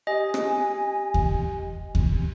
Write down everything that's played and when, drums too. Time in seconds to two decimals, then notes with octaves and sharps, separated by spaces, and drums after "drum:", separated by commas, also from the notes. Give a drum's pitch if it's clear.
0.07 G4 D#5 G#5
0.34 drum: rim click
1.14 drum: kick D#2
1.95 drum: kick D#2